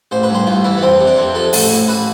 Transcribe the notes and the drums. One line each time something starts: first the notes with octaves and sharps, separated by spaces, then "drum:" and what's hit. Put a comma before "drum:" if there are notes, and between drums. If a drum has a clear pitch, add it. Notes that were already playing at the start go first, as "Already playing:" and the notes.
A1 C5
B4
G2
C5
A1 F4
E3 E4
B3
F2 C4
C3
D4
F2 C4
F3 A4
A1 A4, drum: open hi-hat
A2
A1 B4